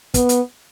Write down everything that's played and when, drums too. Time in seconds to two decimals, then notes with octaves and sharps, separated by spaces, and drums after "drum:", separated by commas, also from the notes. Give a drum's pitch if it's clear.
0.14 B3, drum: kick, hi-hat
0.29 drum: hi-hat